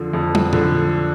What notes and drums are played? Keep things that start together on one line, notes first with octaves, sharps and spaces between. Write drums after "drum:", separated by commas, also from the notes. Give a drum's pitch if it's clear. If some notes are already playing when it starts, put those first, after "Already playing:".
Already playing: F2 D3 F3
F2
drum: tom
D3 F3, drum: tom